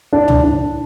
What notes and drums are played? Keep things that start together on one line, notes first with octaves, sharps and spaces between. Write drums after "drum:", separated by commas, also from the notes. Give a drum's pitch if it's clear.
D4
drum: tom C#2
D4